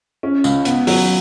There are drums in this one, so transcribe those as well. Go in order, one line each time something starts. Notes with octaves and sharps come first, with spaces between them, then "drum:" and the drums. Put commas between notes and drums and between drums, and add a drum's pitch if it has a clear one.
C#4
C#2, drum: tambourine
B3, drum: hi-hat
F#3, drum: open hi-hat